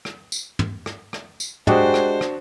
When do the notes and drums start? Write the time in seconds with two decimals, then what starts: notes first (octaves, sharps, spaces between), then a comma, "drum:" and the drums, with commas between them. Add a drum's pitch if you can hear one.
0.05 drum: rim click
0.32 drum: tambourine
0.59 drum: tom
0.86 drum: rim click
1.13 drum: rim click
1.40 drum: tambourine
1.67 G#3 D4 F#4 G4 C5, drum: tom
1.94 drum: rim click
2.21 drum: rim click